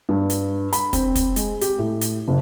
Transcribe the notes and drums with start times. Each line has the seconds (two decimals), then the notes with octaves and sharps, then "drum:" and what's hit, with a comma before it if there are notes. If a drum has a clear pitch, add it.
0.09 G2
0.30 drum: hi-hat
0.73 B5, drum: hi-hat
0.93 C4, drum: kick, hi-hat
1.15 drum: kick, hi-hat
1.36 G#3, drum: hi-hat
1.61 G4, drum: hi-hat
1.79 A2
2.01 drum: hi-hat
2.28 F#1